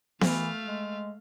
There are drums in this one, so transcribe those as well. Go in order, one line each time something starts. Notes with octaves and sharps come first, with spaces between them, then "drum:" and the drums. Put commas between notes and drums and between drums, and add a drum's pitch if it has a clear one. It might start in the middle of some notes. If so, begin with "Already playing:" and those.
E3 A3 F5, drum: snare B3
G#3